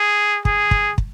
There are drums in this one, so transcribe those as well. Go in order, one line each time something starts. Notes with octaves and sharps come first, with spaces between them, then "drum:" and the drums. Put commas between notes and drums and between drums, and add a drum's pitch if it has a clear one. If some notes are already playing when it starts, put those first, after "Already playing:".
Already playing: G#4
G#4, drum: kick
drum: kick
drum: kick